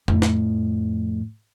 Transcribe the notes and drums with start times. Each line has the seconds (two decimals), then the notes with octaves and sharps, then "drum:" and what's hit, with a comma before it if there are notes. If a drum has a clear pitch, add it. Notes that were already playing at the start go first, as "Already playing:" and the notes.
0.08 F2 A2, drum: tom F2
0.22 drum: snare